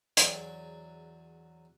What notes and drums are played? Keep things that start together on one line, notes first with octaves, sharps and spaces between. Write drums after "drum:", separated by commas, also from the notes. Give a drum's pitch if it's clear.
E2 F#3 G#4 D5, drum: hi-hat